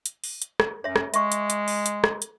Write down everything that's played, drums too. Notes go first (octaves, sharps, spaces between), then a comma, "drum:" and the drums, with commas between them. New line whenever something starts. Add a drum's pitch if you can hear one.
drum: hi-hat
drum: open hi-hat
drum: hi-hat
drum: rim click
F#2 C#5 E5
drum: rim click
G#3 E5 C#6, drum: hi-hat
drum: hi-hat
drum: hi-hat
drum: open hi-hat
drum: hi-hat
drum: rim click
drum: hi-hat